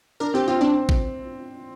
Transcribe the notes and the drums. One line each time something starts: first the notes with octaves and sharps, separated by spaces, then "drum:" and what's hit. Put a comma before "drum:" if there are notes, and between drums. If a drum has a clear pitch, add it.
D4 A#4
C4 G4
C4 F4
C4 D4
drum: kick A1